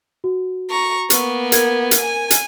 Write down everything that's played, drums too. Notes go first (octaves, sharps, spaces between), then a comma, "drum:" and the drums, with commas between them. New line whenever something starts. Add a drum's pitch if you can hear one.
F#4
A#5 C#6
A#3 B3 C#6, drum: hi-hat
A#4 G#6, drum: hi-hat
drum: hi-hat
G#5
drum: hi-hat